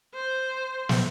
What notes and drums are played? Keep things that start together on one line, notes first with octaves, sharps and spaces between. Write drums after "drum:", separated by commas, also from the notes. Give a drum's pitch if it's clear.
C5
drum: snare